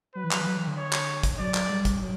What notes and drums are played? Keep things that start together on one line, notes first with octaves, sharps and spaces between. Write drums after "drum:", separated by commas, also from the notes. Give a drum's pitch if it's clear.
F#3 B4
E3
F#3, drum: clap
E3
F#3
E3
D3
C#5
drum: clap
drum: kick, hi-hat
F#3 D5
F#3, drum: clap
G3
drum: kick, hi-hat
F#3